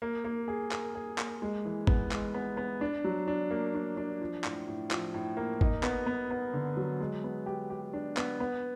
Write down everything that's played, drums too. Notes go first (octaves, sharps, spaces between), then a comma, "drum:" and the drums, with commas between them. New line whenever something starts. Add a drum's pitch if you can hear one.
A#3
A#3
G#4
A#3, drum: clap
G#4
A#3, drum: clap
G#3
E3
B3, drum: kick
G#3, drum: clap
B3
B3
D4
F#3
D4
A#3
D4
D4
F3
A2, drum: clap
A2
F3, drum: clap
A2
A#3
D#4, drum: kick
B3, drum: clap
B3
B3
D3
F#3
G#3
B3
G4
G4
D4
B3, drum: clap
B3